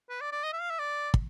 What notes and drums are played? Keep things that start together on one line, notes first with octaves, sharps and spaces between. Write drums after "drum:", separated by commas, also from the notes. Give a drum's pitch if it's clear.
B4
D5
D5
D#5
E5
F5
E5
D5
drum: kick